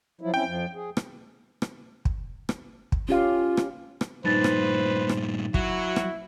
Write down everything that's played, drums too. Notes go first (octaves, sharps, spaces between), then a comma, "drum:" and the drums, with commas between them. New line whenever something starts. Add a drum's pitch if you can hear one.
F3 F#3 E4
C4 C#4 E4 G5
F2 F3
G#4
drum: rim click
drum: rim click
drum: kick
drum: rim click
drum: kick
C#4 F4 G4 F5
drum: rim click
drum: rim click
G2 A#2 D#4 B4 C5 A6
drum: rim click
drum: rim click
F#3 E4 F#4, drum: kick
drum: rim click